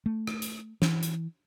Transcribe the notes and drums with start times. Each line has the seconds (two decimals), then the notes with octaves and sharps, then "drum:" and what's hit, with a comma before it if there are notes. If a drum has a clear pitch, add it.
0.06 A3
0.27 drum: rim click
0.42 drum: hi-hat
0.82 E3, drum: snare
1.03 drum: hi-hat